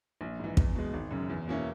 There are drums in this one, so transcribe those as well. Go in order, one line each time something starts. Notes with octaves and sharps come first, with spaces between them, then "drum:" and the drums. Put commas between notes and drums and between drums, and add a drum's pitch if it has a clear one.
A#1
G#2 E3
E2, drum: kick
B2 G#3
G#1
F#2 C#3
E2
B2 A#3 C#4 E4